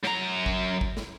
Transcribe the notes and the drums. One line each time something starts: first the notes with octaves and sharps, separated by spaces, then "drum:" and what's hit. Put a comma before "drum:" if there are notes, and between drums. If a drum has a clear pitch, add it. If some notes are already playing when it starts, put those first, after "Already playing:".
F#2 A#5, drum: snare
drum: kick
drum: kick
drum: snare